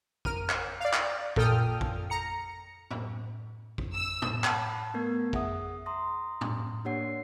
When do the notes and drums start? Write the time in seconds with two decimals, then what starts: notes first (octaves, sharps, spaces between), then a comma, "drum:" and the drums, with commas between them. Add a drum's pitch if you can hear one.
0.25 A#4 F6 D#7, drum: kick
0.50 drum: clap
0.80 D5 F5
0.93 drum: clap
1.36 A#2 A4 G5 D#6 F6, drum: kick
1.81 drum: kick
2.10 A#5 C#7
2.91 drum: tom A2
3.78 drum: kick
3.94 E6
4.22 drum: tom A2
4.44 F#5 A5 B5, drum: clap
4.94 A3 B3 A#4 G#6
5.33 G#4 E5 F#5 D#6, drum: kick
5.86 A#5 C6 D#6 A#6
6.41 drum: tom A2
6.85 A#3 D4 G4 C#5 F#5 C7